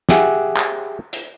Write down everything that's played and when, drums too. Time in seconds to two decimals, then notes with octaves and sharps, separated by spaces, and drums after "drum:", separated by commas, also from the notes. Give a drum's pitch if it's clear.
0.09 G4 G#4 E5 F#5 G#5, drum: snare
0.57 drum: clap
1.13 drum: hi-hat